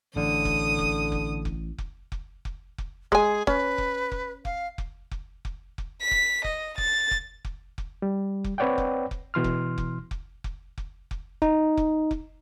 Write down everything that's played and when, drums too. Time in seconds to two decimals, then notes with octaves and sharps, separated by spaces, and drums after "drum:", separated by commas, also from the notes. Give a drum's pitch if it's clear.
0.16 A1 D3 D#6
0.45 drum: kick F1
0.79 drum: kick F1
1.12 drum: kick F1
1.45 drum: kick F1
1.78 drum: kick F1
2.12 drum: kick F1
2.45 drum: kick F1
2.78 drum: kick F1
3.12 G#3 G#4 G#5, drum: kick F1
3.47 C#4 B4, drum: kick F1
3.78 drum: kick F1
4.12 drum: kick F1
4.45 F5, drum: kick F1
4.78 drum: kick F1
5.11 drum: kick F1
5.45 drum: kick F1
5.78 drum: kick F1
6.02 B6
6.11 drum: kick F1
6.44 D#5, drum: kick F1
6.78 A6, drum: kick F1
7.11 drum: kick F1
7.45 drum: kick F1
7.78 drum: kick F1
8.02 G3
8.44 drum: kick F1
8.58 C4 B4 C#5 D5 F#5 G5
8.78 drum: kick F1
9.11 drum: kick F1
9.34 B2 E3 C6 F6
9.44 drum: kick F1
9.78 drum: kick F1
10.11 drum: kick F1
10.44 drum: kick F1
10.78 drum: kick F1
11.11 drum: kick F1
11.42 D#4, drum: kick F1
11.77 drum: kick F1
12.11 drum: kick F1